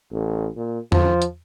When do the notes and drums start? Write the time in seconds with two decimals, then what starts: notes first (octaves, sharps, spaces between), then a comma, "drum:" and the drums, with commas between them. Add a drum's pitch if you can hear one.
0.11 A1
0.56 A#2
0.92 F3, drum: tom E2
1.22 drum: hi-hat